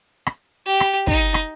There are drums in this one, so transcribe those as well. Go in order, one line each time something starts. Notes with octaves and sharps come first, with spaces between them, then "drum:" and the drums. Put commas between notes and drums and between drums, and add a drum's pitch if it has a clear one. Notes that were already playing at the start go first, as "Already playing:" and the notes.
drum: rim click
G4
drum: rim click
D#4, drum: kick
drum: rim click